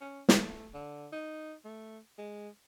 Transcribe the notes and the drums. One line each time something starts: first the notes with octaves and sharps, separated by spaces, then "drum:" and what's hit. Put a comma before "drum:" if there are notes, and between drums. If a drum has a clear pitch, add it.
C#4
A3, drum: snare
D3
D#4
A3
G#3